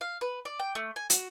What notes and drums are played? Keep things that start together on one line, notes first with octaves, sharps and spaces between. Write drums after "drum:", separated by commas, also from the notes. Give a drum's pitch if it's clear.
F5
B4
D5
G5
A3
G#5
F#4, drum: hi-hat